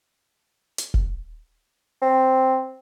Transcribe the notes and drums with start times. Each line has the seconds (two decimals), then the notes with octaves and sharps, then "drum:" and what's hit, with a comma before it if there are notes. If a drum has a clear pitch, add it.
0.78 drum: hi-hat
0.94 drum: kick
2.02 C4